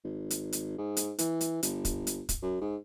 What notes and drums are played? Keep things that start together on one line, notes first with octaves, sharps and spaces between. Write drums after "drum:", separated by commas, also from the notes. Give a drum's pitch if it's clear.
G#1
drum: hi-hat
drum: hi-hat
G#2
drum: hi-hat
E3, drum: hi-hat
drum: hi-hat
G1, drum: hi-hat
drum: kick, hi-hat
drum: hi-hat
drum: kick, hi-hat
F#2
G#2